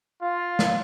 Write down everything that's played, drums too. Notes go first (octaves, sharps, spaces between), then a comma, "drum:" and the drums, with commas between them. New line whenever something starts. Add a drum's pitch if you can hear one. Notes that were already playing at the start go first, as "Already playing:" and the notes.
F4
drum: snare